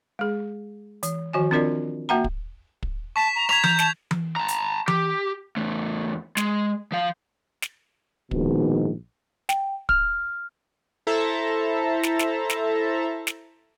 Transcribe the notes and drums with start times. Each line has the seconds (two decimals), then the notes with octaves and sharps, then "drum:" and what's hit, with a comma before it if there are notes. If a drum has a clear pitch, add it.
0.19 G#3 G#4
1.03 E3, drum: hi-hat
1.33 D#3 F3 F#4 C#5 G#5
1.51 C4 D4 F4 A#4 D5 D#5
2.09 A#3 F#4 E5 F#5 A5 A#5
2.24 drum: kick
2.83 drum: kick
3.16 A5 C#6 B6 E7
3.35 A#5
3.49 A#5 G#6 B6 F7, drum: rim click
3.64 A#5 G6, drum: tom E3
3.79 A5, drum: snare
4.11 drum: tom E3
4.36 A5 A#5
4.48 drum: hi-hat
4.88 G4, drum: tom E3
5.57 E2 A3
6.37 G#3, drum: snare
6.92 F3 F5
7.62 drum: snare
8.31 A#1 G#2 B2 D#3, drum: kick
9.49 G5, drum: snare
9.89 F6, drum: kick
11.07 E4 A4 C5 E5 A5 A#5
12.03 drum: snare
12.19 drum: snare
12.50 drum: snare
13.27 drum: snare